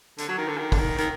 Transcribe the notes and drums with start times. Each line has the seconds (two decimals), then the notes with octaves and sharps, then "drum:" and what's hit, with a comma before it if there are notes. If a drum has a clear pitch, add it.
0.18 D3, drum: hi-hat
0.28 F#3
0.38 D#3
0.48 D3
0.58 D#3
0.72 D3, drum: kick, open hi-hat
0.78 D#3
0.98 D#3, drum: hi-hat